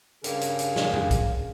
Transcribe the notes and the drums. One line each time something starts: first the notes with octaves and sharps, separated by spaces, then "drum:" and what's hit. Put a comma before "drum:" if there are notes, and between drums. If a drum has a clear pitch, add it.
G2 C#3 G#4 A#4 F5, drum: hi-hat
drum: hi-hat
drum: hi-hat
drum: snare
drum: tom F2
drum: kick, hi-hat